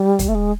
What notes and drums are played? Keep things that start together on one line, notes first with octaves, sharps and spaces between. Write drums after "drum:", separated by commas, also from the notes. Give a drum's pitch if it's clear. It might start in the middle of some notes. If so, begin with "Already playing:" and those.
Already playing: G3
drum: kick, hi-hat
A3
G#3